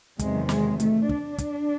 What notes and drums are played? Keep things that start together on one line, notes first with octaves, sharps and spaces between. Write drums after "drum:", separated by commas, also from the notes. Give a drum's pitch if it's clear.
E2 C3 D#3 F#3 G#3, drum: kick, hi-hat
G#3, drum: snare
A3, drum: hi-hat
D4, drum: kick
drum: kick, hi-hat